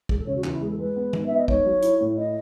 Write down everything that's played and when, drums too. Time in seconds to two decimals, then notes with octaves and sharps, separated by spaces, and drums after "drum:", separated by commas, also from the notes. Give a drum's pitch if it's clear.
0.09 E1 G#4, drum: kick
0.18 A4
0.26 C#3 C#5
0.35 F#4
0.44 E2 D#4, drum: clap
0.52 E4
0.61 G#3 G#4
0.70 A4
0.79 G#3 B4
0.96 B3
1.13 G#2, drum: tom D#3
1.26 B3 E5
1.37 D#5
1.48 G#1 C#5, drum: kick
1.66 F#3
1.82 E4, drum: hi-hat
2.00 A2
2.17 E4 D#5